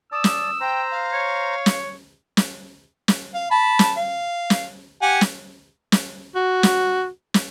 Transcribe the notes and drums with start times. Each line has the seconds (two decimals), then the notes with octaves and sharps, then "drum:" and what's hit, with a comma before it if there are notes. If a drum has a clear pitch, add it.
0.12 D5 A5 D#6 E6
0.24 drum: snare
0.61 C5 G5 A#5
0.91 F5
1.13 C#5
1.66 drum: snare
2.37 drum: snare
3.08 drum: snare
3.34 F5
3.51 A5 B5
3.79 drum: snare
3.97 F5
4.50 drum: snare
5.02 G4 F#5 G#5
5.21 drum: snare
5.92 drum: snare
6.35 F#4
6.63 drum: snare
7.34 drum: snare